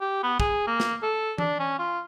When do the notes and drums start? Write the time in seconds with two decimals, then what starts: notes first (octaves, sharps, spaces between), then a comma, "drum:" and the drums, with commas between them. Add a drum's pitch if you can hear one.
0.01 G4
0.23 B3
0.40 G#4, drum: kick
0.67 A#3
0.80 drum: snare
1.02 A4
1.38 D4, drum: tom E3
1.59 C#4
1.79 F4